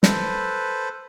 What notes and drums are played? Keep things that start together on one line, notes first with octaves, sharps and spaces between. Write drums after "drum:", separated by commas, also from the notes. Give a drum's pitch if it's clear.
A4 B4 C5, drum: snare